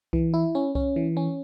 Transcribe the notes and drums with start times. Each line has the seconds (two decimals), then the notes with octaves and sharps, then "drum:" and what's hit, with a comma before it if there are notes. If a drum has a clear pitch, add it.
0.13 E3, drum: kick C2
0.34 E4
0.55 C#4
0.75 C#4, drum: kick C2
0.96 E3
1.17 C#4